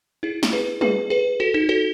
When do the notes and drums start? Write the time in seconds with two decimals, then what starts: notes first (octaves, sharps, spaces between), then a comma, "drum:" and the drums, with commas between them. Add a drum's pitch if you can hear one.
0.23 E4 G#4
0.43 drum: snare
0.53 G#4 B4
0.81 G#4 B4, drum: tom G3
1.10 G#4 B4
1.40 F#4 A4
1.54 D#4 F#4
1.69 F#4 A4